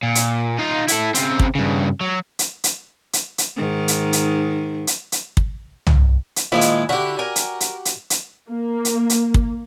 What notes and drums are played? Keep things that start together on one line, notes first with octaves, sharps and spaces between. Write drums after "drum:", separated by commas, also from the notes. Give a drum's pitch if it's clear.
A#2
drum: hi-hat
D#4 F4
E4 A4, drum: hi-hat
C#3 C4, drum: hi-hat
drum: kick
G2 C#3
F#3
drum: hi-hat
drum: hi-hat
drum: hi-hat
drum: hi-hat
G#2 D#3
drum: hi-hat
drum: hi-hat
drum: hi-hat
drum: hi-hat
drum: kick
drum: tom C2
drum: hi-hat
A#2 D#3 F3 G#3 E4
drum: hi-hat
D3 E4 F#4 G4
A#4 G#5
drum: hi-hat
drum: hi-hat
drum: hi-hat
drum: hi-hat
A#3
drum: hi-hat
drum: hi-hat
drum: kick